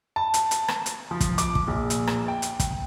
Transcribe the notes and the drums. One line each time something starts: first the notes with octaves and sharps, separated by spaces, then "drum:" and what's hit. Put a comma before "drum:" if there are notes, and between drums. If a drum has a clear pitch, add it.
A5
drum: hi-hat
drum: hi-hat
drum: rim click
drum: hi-hat
F3
drum: kick, hi-hat
D6, drum: hi-hat
drum: kick
A#1
drum: hi-hat
drum: rim click
G5
drum: hi-hat
drum: kick, hi-hat